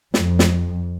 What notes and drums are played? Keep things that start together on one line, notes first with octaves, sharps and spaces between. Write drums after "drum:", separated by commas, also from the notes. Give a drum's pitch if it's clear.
F2, drum: snare
drum: snare